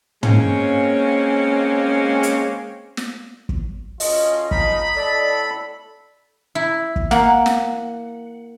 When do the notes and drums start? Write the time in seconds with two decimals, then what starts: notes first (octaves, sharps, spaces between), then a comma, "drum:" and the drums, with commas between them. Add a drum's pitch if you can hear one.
0.23 G#3 A#3 C4 C#4 C#5 F5, drum: tom
2.23 drum: hi-hat
2.97 drum: snare
3.49 drum: kick
4.00 D2 C#4 F4 D#5, drum: open hi-hat
4.51 C#2 F3 D#4 B5, drum: kick
4.96 A2 A4 D5
6.55 E4
6.96 drum: kick
7.11 A#3 F#5, drum: snare
7.46 drum: snare